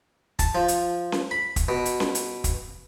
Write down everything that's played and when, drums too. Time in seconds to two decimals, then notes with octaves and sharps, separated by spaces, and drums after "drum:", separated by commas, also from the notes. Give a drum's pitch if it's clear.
0.39 A5, drum: kick, hi-hat
0.55 F3
0.68 drum: hi-hat
1.12 drum: snare C#4
1.31 B5
1.56 drum: kick, hi-hat
1.69 B2
1.85 drum: hi-hat
2.00 drum: snare C#4
2.15 drum: hi-hat
2.44 drum: kick, hi-hat